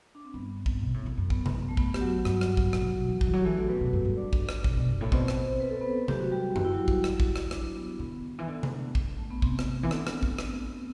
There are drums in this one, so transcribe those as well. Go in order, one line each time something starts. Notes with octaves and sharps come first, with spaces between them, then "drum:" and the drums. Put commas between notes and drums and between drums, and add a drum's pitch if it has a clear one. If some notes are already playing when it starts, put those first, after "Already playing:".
D4
C4
G2 B3
drum: kick
B2
A2
F#2
F#2
B3, drum: kick
drum: tom C3
A3
B3, drum: kick
G4, drum: rim click
F#3 F#4
G2, drum: rim click
drum: rim click
drum: kick
A2, drum: rim click
F#3
B2
E3
F#3 F#4, drum: kick
E3
F#3
G4
E3 A3 A4
D3 A4
C3 B3 B4
B2
G2
G2
D4 D5
drum: kick
drum: rim click
B2, drum: kick
B2
F#2
A2
B2 C4 C5, drum: kick
drum: rim click
B4
A4
B3 B4
F#3 G4, drum: tom C3
F#4
G3 G4
G3 F#4, drum: tom F#2
E4
F#3 F#4
drum: kick
E4, drum: rim click
drum: kick
drum: rim click
F#3 D4, drum: rim click
B3
D3 B3
E3
D3
drum: tom C3
drum: kick
A3
B3
C3 C4, drum: kick
drum: rim click
E3
D3, drum: rim click
drum: rim click
drum: kick
drum: rim click